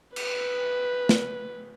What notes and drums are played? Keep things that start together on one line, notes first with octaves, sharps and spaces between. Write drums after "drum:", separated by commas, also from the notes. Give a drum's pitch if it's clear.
B4, drum: cymbal
drum: snare